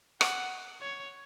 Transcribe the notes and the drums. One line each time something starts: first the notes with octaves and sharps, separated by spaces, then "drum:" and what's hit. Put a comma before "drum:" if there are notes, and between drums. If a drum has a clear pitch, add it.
F#5, drum: rim click
C#5